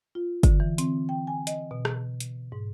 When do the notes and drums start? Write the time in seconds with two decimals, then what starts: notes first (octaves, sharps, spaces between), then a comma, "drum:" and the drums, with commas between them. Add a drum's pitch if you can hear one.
0.15 F4
0.43 D3, drum: kick, hi-hat
0.60 E3
0.78 C4, drum: hi-hat
1.09 G5
1.27 G#5
1.47 D#5, drum: hi-hat
1.71 B2
1.85 drum: rim click
2.20 drum: hi-hat
2.52 G#2